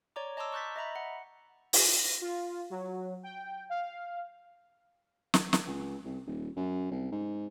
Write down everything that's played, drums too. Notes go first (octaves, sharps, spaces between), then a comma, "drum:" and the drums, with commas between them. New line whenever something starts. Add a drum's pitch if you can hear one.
C#5 D5 A#5 D6
D#5 A5 A#5 C6 D6 E6
C#6 F#6 G6 A6 B6
D#5 E5 A#5 B5
F#5
A#6, drum: open hi-hat
F4
F#3
G5
F5
drum: snare
drum: snare
C#2
C2
D#1
F#2
C2
G#2